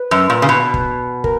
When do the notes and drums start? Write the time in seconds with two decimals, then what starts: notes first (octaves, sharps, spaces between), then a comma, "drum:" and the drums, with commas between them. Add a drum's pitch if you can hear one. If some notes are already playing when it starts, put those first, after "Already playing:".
Already playing: B4
0.11 F#2
0.30 A#2
0.42 C#3
0.49 B2
0.74 drum: kick
1.24 A#4, drum: kick